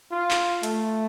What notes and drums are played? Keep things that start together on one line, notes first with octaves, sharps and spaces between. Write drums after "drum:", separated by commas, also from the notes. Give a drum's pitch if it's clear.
F4
drum: clap
A3, drum: hi-hat